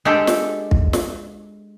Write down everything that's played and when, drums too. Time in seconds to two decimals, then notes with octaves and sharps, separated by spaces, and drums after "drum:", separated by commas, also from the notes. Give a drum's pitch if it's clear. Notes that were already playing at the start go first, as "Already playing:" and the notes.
0.05 G#3 D4 G4 A4
0.27 drum: snare
0.71 drum: kick
0.93 drum: snare